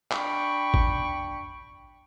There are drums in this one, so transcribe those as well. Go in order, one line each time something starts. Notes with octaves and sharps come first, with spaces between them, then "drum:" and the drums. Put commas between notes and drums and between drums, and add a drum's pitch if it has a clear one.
D4 G5 B5 C#6, drum: clap
drum: kick